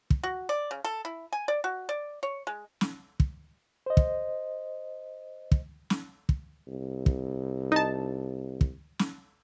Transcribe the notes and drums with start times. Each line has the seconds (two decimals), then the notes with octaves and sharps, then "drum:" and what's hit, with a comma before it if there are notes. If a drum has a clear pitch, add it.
0.10 drum: kick
0.23 F#4
0.49 D5
0.71 C#3
0.85 A4
1.05 E4
1.33 G#5
1.48 D5
1.64 F#4
1.89 D5
2.23 C#5
2.47 G#3
2.81 drum: snare
3.20 drum: kick
3.86 C5 D#5
3.97 drum: kick
5.52 drum: kick
5.90 drum: snare
6.29 drum: kick
6.67 C2
7.06 drum: kick
7.72 D#4 A5
8.61 drum: kick
8.99 drum: snare